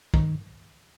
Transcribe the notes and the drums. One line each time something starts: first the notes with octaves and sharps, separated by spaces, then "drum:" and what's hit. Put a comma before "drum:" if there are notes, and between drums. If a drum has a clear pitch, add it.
D#3, drum: kick